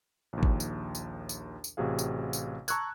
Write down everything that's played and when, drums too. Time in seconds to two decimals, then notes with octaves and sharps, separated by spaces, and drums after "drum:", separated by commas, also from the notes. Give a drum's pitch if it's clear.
0.33 A#1 D#2
0.43 drum: kick G#1
0.60 drum: tambourine
0.95 drum: tambourine
1.29 drum: tambourine
1.64 drum: tambourine
1.77 A1 C3 F#4 G#4 F5
1.99 drum: tambourine
2.33 drum: tambourine
2.68 A5 A#5 C#6 E6 F#6 G#6, drum: tambourine